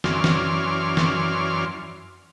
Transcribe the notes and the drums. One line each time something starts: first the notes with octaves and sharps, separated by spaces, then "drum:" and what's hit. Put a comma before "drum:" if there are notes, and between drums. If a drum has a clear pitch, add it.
F#2 E3 C#4 D5 C6 F6, drum: snare
drum: snare
drum: snare